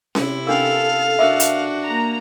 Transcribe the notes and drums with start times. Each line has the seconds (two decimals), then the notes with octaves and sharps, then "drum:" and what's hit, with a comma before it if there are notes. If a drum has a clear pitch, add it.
0.15 C3 E4, drum: snare C#4
0.47 C#4 D4 A4 A#4 F5
1.19 D4 F#4 A#4 E5
1.40 drum: hi-hat
1.86 A#3 A#5